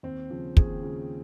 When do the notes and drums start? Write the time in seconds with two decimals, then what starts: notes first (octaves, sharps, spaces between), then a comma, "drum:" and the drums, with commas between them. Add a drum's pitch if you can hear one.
0.03 D#2 C4
0.30 C#3 F3
0.57 D#2 G#4, drum: kick
0.82 C#3 F3